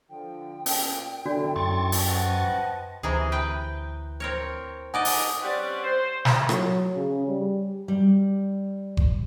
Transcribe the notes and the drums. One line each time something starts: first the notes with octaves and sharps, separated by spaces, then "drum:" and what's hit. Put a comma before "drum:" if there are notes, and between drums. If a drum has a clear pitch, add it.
D3 F3 G5
A#2 C#4, drum: open hi-hat
D3 F#3 D4 E4 F#4 A4 D5
F#2 C6 C#6 A6
drum: open hi-hat
B4 C5 D#5 F#5 G5 A5
D2 C3 E3 G#4 A#5
B4 G5
C4 A#4 C#5
D#4 D5 D#5 F#5 G#5
drum: open hi-hat
G3 C4 C#4 B4 D5 F#5
C5
drum: snare
F#3, drum: rim click
C#3
G3
G3
drum: kick F#1